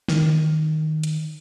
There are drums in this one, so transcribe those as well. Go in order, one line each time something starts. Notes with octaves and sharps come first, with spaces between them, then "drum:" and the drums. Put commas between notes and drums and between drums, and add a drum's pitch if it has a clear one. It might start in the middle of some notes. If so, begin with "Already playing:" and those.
D#3, drum: snare
drum: hi-hat